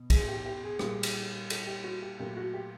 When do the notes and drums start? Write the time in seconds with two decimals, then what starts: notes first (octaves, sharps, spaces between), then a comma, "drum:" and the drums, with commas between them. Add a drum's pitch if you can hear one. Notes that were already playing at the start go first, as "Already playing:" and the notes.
Already playing: B2
0.10 G#4, drum: kick, cymbal
0.28 G4
0.46 G4
0.63 G#4
0.79 A#2 G3, drum: rim click
1.03 drum: cymbal
1.50 A4, drum: cymbal
1.66 G4
1.84 F#4
2.02 G4
2.19 A#2 F#3 A3 G4
2.37 F#4
2.54 G4